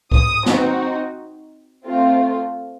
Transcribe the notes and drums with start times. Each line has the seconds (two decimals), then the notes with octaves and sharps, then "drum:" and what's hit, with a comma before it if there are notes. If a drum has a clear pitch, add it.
0.12 D#6, drum: kick C#2
0.46 C4 D#4 F#4, drum: snare
1.84 A3 C4 F4